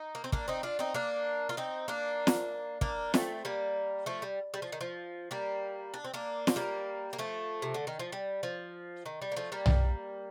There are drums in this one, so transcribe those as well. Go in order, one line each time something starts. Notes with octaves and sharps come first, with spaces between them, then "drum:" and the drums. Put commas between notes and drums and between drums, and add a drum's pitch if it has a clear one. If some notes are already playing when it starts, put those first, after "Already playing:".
Already playing: D#4
A#3
C4
A#3 D4, drum: kick
C4 D#4
D4 F4
C4 D#4
A#3 D4
F4
C4 D#4
A#3 D4
drum: snare
A#3 D4, drum: kick
A3 C4, drum: snare
G3 A#3
F3 A3
G3
G3
F3
D#3
F3
G3 A#3
D4
C4
A#3 D4
C4, drum: snare
G3 A#3
A#3
F3 A3
C3
D3
D#3
F3
G3
F3
D#3
G3
A#3
F3 A3
G3 A#3
drum: tom B1